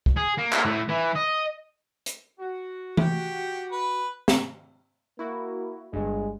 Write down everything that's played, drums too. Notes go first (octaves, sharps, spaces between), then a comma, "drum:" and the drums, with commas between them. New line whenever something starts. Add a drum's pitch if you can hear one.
drum: kick
G#4
A#3
drum: clap
A2
E3
D#5
drum: hi-hat
F#4
G4, drum: tom E3
B4
drum: snare
A#3 E4 F#4
G1 G2 G#3